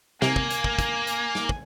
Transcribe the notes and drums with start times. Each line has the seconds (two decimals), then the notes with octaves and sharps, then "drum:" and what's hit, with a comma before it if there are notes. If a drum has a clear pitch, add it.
0.22 C3 A#3 G#5, drum: snare
0.36 drum: kick
0.50 drum: hi-hat
0.64 drum: kick
0.79 drum: kick, hi-hat
1.07 drum: hi-hat
1.35 drum: snare
1.49 drum: kick